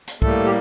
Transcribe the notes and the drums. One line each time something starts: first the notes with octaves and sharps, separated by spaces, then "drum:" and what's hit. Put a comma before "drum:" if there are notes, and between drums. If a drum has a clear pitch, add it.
drum: hi-hat
A2 G3 A3 A#3 A4, drum: kick
G4